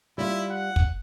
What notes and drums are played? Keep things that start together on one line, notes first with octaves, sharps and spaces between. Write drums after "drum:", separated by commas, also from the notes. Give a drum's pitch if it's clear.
G3 E4 F4
F#5
drum: kick